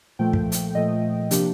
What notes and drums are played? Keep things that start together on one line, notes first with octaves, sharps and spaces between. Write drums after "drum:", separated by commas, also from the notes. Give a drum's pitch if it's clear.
A#2 F3 A3 G5
drum: kick
drum: hi-hat
A#2 F3 A3 D#5
C3 F3 A#3 D4 G4, drum: hi-hat